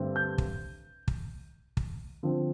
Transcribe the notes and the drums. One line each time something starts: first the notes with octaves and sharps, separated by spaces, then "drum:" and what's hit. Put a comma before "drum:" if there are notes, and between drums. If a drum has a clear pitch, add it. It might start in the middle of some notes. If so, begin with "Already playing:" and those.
Already playing: G2 D3 A3 C4
G6
drum: kick
drum: kick
drum: kick
D3 F3 C4